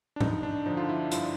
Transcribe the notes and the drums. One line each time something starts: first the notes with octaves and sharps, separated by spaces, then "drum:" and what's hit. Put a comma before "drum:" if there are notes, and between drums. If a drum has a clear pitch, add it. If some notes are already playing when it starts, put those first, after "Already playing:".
D4
G2 D#4, drum: tom G#2
D4
D3 F3 D#4
F4
E4
G2 F4, drum: hi-hat